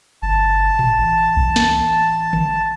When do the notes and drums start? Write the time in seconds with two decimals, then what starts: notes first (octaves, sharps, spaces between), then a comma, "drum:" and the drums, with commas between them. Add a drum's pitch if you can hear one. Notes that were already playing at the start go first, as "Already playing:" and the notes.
0.22 G1 A5
0.79 drum: tom A2
0.98 A1
1.37 drum: kick B1
1.56 drum: snare
2.33 drum: tom